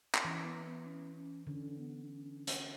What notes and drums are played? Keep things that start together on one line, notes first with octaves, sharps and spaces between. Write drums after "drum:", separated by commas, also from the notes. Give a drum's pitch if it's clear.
drum: clap
E3 C#4
B3
B3
C#4
C#4
D3 C#4
B3
D4
C#4
drum: hi-hat